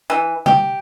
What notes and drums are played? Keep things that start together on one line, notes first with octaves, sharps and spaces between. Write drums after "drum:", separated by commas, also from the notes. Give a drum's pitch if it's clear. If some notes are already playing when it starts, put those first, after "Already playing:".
E3
G4, drum: tom C3